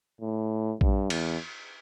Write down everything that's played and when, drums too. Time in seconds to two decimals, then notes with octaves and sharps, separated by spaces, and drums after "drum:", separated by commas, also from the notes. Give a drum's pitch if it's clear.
0.21 A2
0.81 G2, drum: kick A#1
1.10 E2, drum: cymbal